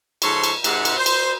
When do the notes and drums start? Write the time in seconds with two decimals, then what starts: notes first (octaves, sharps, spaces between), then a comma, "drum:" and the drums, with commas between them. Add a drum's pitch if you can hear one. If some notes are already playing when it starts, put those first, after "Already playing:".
0.22 G#2 F3 A4 C#5 A5 C6, drum: cymbal
0.44 drum: cymbal
0.64 G#2 C3 F#5, drum: cymbal
0.85 drum: cymbal
0.97 C5
1.06 drum: cymbal